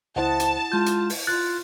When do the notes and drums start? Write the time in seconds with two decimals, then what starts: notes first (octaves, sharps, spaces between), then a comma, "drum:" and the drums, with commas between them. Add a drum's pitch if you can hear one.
0.16 C#2 E4 C5 D#5 F#5 A5
0.40 drum: hi-hat
0.72 G#3 F4 G6
0.86 drum: hi-hat
1.10 drum: open hi-hat
1.27 F4 F#6 A6